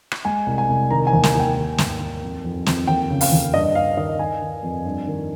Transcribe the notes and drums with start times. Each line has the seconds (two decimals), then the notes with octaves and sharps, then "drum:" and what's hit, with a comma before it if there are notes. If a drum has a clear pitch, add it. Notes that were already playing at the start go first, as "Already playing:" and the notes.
0.12 drum: rim click
0.25 G#3 G#5
0.47 C2
0.58 G#5
0.69 C2
0.91 D#3 A#5
1.07 G#5
1.13 D#2
1.23 G#5, drum: snare
1.35 D#2 G5
1.56 D#3
1.78 G#2, drum: snare
2.00 D#3
2.22 F2
2.44 F2
2.66 F2, drum: snare
2.87 D#2 G5
3.10 C#3
3.21 F5, drum: open hi-hat
3.32 D#2
3.54 G2 D#5
3.75 G2 F5
3.97 D#3 D#5
4.19 D#3 G#5
4.41 D#3
4.63 F2
4.85 G2
5.07 D#3